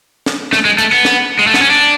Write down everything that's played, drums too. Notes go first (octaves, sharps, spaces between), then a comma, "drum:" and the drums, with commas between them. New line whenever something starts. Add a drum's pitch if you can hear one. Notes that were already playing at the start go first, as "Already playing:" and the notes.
drum: snare
A3, drum: snare
G#3
A3, drum: hi-hat
B3
drum: snare
G#3
A3
B3, drum: snare
C#4
D4